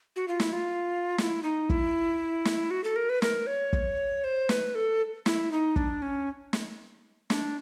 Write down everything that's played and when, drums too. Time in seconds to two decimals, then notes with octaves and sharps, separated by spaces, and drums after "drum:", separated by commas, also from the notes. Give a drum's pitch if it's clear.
0.16 F#4
0.28 F4
0.40 E4, drum: snare
0.53 F4
1.18 F4, drum: snare
1.23 E4
1.43 D#4
1.70 E4, drum: kick
2.45 drum: snare
2.71 F#4
2.84 A4
2.96 A#4
3.09 B4
3.22 A#4, drum: snare
3.47 C#5
3.73 drum: kick
4.24 C5
4.49 B4, drum: snare
4.75 A4
5.26 E4, drum: snare
5.52 D#4
5.76 D4, drum: kick
6.02 C#4
6.53 drum: snare
7.30 D4, drum: snare